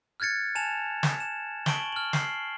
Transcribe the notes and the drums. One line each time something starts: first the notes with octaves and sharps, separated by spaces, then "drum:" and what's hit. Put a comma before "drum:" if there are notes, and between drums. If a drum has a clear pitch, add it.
F6 F#6 G#6 A6 C#7
G#5 A5 E7 F7
drum: snare
E7
A5 C#6 D7 F#7 G7, drum: snare
F6 F#7
C7, drum: snare